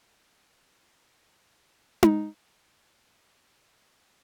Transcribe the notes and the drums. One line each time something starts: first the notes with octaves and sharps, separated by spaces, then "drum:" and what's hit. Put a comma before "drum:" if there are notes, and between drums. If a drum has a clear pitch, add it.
C3 C#4 F#4 A5
drum: tom D#4
D#5 G#5 E6